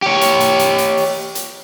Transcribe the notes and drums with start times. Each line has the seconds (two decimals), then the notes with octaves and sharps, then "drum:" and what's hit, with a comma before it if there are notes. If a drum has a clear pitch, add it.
0.02 G4 C#5
0.21 drum: hi-hat
0.40 drum: hi-hat
0.59 drum: hi-hat
0.78 drum: hi-hat
0.97 drum: open hi-hat
1.35 drum: hi-hat